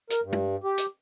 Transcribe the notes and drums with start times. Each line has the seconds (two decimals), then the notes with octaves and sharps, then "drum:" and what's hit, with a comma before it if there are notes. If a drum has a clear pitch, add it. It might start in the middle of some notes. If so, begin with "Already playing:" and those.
0.10 A#4, drum: hi-hat
0.24 G2
0.33 drum: tom
0.64 G4
0.78 drum: hi-hat